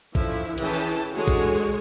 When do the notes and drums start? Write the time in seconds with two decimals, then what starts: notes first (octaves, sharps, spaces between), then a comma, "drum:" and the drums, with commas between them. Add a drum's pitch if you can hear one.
0.15 D3 F3 C#4 E4 E5, drum: kick A#1
0.58 E3 C#4 G#4 G5 A5, drum: hi-hat
1.13 D3 G#3 F#4 G#4 A4 C#5
1.27 drum: kick A#1